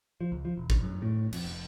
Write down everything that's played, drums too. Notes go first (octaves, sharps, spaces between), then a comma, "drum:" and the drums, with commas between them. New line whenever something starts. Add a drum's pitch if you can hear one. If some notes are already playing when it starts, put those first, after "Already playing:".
F3
C#2
F3
E1
E1, drum: kick
F#2
A2
F2, drum: cymbal
F1